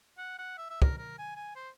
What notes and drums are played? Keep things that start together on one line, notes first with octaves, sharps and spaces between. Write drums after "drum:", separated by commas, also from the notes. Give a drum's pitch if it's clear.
F#5
F#5
E5
E5
A#4, drum: kick
A#4
G#5
G#5
C5